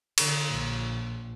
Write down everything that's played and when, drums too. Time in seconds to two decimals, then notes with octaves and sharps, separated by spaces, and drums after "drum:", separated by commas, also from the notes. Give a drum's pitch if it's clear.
0.18 D3, drum: cymbal
0.53 A#1